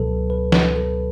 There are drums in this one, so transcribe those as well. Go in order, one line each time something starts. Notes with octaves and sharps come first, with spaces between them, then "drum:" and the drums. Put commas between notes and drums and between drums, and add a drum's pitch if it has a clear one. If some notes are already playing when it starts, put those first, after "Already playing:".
Already playing: C#2 B2 F#3 A4 B4
B4
B4, drum: snare
A4